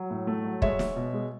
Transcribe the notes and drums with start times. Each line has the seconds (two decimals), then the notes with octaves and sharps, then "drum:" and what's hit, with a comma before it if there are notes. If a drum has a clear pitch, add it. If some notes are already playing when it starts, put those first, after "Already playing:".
Already playing: F#3
0.11 A2
0.27 A3
0.44 F#3
0.62 G#3 C#5 E5, drum: kick
0.79 G#3, drum: snare
0.96 B2
1.13 G#3